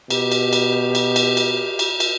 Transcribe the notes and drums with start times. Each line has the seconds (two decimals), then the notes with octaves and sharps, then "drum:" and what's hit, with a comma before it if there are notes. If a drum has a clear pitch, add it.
0.10 B2 G4, drum: cymbal
0.32 drum: cymbal
0.53 drum: cymbal
0.95 drum: cymbal
1.16 drum: cymbal
1.37 drum: cymbal
1.79 drum: cymbal
2.00 drum: cymbal